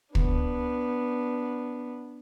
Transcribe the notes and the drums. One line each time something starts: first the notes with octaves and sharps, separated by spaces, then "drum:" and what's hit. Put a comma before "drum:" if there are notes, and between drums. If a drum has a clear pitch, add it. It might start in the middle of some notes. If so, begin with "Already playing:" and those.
B3 D4, drum: kick